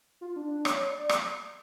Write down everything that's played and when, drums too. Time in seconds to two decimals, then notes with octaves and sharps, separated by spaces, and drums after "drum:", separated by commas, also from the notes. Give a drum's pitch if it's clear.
0.21 F4
0.36 D4
0.51 D4
0.65 C#5, drum: rim click
0.80 D5
0.95 D5
1.09 drum: rim click